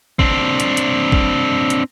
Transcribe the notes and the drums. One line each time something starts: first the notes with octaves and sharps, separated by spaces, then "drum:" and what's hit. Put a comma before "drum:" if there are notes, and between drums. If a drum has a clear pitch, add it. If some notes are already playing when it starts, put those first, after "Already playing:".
C4 D4, drum: kick
drum: hi-hat
drum: hi-hat
drum: kick
drum: hi-hat